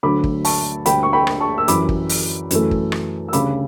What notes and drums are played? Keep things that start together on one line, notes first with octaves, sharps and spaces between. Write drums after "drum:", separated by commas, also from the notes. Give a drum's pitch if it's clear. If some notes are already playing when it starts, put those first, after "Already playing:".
D2 D3 F#3 A3 B5 D6
drum: kick
A5 C#6, drum: open hi-hat
D2 D3 G3 G5 B5, drum: hi-hat
C#6
G5 B5
drum: rim click
A5 C#6
E6
F#2 E3 G3 B5 D6, drum: hi-hat
drum: kick
drum: open hi-hat
F#2 E3 A3, drum: hi-hat
drum: kick
drum: rim click
E6
D2 C#3 G3 B5 D6, drum: hi-hat